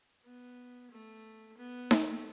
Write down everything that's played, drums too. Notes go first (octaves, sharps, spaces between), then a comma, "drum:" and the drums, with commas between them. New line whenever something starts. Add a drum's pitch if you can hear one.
B3
A3
B3
A3, drum: snare D#4